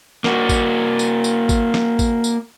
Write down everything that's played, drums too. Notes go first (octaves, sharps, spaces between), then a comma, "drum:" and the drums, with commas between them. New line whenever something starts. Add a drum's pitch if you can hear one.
A#3 F#4, drum: snare
drum: kick, tambourine
drum: tambourine
drum: tambourine
drum: kick, tambourine
drum: snare
drum: kick, tambourine
drum: tambourine